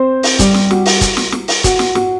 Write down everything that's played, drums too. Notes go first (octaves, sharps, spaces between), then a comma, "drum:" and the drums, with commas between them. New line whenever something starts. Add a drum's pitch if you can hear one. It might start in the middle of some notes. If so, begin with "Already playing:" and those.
Already playing: C4 C5
drum: open hi-hat
G3 G4, drum: kick, hi-hat
drum: snare
F#4, drum: snare
drum: open hi-hat
drum: kick, hi-hat
drum: snare
drum: snare
drum: open hi-hat
F#4, drum: kick, hi-hat
drum: snare
F#4, drum: snare